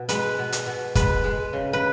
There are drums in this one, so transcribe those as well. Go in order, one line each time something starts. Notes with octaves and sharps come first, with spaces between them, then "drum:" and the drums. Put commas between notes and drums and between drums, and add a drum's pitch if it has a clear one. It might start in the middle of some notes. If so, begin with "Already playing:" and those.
Already playing: B2
G#3 B4, drum: hi-hat
B2
drum: hi-hat
B2
G#3 B4, drum: kick, hi-hat
G#3
C#3
B4